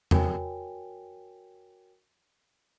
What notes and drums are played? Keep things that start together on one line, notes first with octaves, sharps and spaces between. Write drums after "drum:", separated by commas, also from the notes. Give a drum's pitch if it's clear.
F#4 A#4 C#5 G5 G#5, drum: tom E2